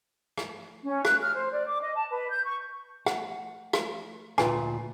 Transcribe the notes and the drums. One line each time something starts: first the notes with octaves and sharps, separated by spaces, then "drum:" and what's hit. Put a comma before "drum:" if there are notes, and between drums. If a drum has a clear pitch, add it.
drum: rim click
C#4
F#6, drum: rim click
F6
C5
D5
D6
D#5
A5
B4
G6
C#6
F#5, drum: rim click
drum: rim click
D2 A#2 F4 B4 G5 G#5, drum: rim click